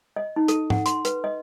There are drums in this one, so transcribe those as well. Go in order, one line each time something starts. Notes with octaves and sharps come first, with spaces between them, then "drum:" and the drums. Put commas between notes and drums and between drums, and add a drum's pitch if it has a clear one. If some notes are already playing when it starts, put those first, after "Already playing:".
D#5
D#4
A4, drum: hi-hat
F#5, drum: tom
C6, drum: hi-hat
B4, drum: hi-hat
D#5